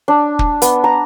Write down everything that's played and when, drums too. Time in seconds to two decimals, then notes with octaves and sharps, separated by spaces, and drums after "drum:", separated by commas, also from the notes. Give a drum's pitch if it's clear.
0.08 D4
0.39 drum: kick
0.62 B3, drum: hi-hat
0.84 A#5